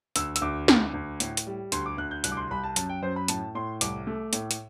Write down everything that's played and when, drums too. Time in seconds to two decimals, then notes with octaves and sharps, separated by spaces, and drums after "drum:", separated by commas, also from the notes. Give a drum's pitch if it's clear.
0.16 D2 E6, drum: hi-hat
0.36 E6, drum: hi-hat
0.41 D2 D6
0.68 D2, drum: snare
0.94 D2
1.20 A2, drum: hi-hat
1.37 drum: hi-hat
1.47 G3
1.72 D2 C6, drum: hi-hat
1.86 D6
1.98 D2 F#6
2.11 G6
2.24 C2 F#6, drum: hi-hat
2.32 D6
2.37 C6
2.51 C2 B5
2.64 A5
2.76 F#2 A5, drum: hi-hat
2.89 G5
3.02 F#2 C5
3.16 B5
3.28 A2 A5, drum: hi-hat
3.55 A2 C6
3.81 C2 D6, drum: hi-hat
4.07 A3
4.33 A2, drum: hi-hat
4.51 drum: hi-hat